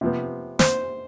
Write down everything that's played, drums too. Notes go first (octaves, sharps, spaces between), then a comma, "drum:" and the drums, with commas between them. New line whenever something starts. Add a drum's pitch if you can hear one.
C3 F3 B3
C5, drum: snare